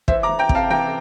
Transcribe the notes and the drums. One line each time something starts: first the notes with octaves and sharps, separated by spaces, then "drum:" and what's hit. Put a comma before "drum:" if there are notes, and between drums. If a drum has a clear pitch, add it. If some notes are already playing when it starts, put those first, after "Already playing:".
E3 C5 E5, drum: kick
A#5 D6
E3
G5 A#5
C3, drum: kick
F5 A5
E3 G5 A#5